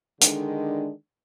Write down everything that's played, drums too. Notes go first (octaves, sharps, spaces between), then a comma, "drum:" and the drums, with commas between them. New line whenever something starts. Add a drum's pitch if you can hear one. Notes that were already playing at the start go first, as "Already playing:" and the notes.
D3 D#3 G#3 D4, drum: hi-hat